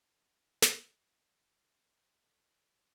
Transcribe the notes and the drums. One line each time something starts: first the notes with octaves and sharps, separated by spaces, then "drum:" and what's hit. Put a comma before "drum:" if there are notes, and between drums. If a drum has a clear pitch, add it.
E3 F#3 D4 E4 D#5
drum: snare
E3 C#4 A4